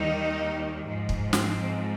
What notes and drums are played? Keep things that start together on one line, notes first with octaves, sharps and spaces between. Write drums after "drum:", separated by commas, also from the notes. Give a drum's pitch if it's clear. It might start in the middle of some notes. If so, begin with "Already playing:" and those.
Already playing: D#2 D#3 G3 D#4
G#2 F3 G#3
drum: kick
C4, drum: snare